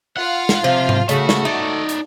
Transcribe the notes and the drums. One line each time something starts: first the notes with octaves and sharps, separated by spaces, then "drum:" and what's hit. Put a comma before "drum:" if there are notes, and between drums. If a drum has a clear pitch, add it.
F4 F5 F#5
drum: snare
C3 F3
drum: tom G#2
C#3 A3 F#4, drum: hi-hat
drum: snare
A3 D#4 D5
drum: hi-hat